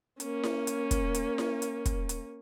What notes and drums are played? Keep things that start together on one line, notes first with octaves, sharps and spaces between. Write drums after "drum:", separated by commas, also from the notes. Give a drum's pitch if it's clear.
A#3 C#4, drum: hi-hat
drum: snare E4
drum: hi-hat
drum: kick, hi-hat
drum: hi-hat
drum: snare E4
drum: hi-hat
drum: kick, hi-hat
drum: hi-hat